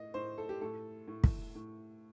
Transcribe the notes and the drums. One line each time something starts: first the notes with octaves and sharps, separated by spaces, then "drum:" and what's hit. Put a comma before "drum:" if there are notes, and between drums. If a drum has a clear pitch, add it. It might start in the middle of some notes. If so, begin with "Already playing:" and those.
Already playing: A2 D#5
A2 C5
A4
G4
A2 A4
A2
drum: kick
A2